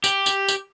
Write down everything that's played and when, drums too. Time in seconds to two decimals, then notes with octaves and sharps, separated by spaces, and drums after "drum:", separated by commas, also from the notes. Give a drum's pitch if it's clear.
0.04 G4, drum: tambourine
0.26 drum: tambourine
0.48 drum: tambourine